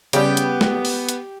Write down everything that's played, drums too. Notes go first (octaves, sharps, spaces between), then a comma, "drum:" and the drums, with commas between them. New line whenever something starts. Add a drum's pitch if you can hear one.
C#3 G3 B3 G4, drum: hi-hat
drum: hi-hat
drum: snare
drum: open hi-hat
drum: hi-hat